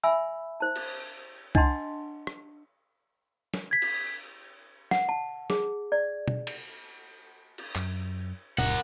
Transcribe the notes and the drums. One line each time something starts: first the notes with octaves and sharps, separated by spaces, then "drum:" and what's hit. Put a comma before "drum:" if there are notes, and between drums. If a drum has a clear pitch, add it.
E5 G#5 B5 E6
C5 A5
drum: cymbal
D4 D#5 F#5 A5 C6, drum: kick C2
drum: rim click
drum: snare
G#6 B6
drum: cymbal
F#5, drum: snare
A5
G#4, drum: snare
D5
drum: tom B2
drum: cymbal
drum: cymbal
F#2, drum: clap
D1 G2 A#4 F#5, drum: tom B2